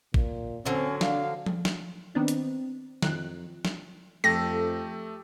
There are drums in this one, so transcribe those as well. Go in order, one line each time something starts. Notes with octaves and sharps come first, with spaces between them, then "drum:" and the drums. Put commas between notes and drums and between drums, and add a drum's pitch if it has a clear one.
A#2, drum: kick A1
D3 F#3 C4 C#4
D4 F5, drum: snare
drum: tom F3
drum: snare
D#3 B3 C4 D4
drum: hi-hat
F2 D#3 F#6, drum: snare
drum: snare
F2 A3 G4 A4 A#6